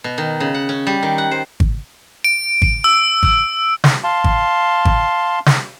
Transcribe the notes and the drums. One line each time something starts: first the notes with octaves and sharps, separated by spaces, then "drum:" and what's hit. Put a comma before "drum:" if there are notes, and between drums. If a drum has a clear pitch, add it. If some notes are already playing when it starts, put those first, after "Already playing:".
B2
D#3
C#3
F#5
C#4
G3
D#3
F#5
C5
drum: kick G#1
D7
drum: kick G#1
E6
drum: kick G#1
drum: snare
F5 A5 C6
drum: kick G#1
drum: kick G#1
drum: snare